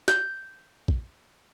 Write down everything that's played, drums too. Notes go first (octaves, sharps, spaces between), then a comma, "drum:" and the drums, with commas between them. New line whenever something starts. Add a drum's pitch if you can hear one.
G6, drum: snare
drum: kick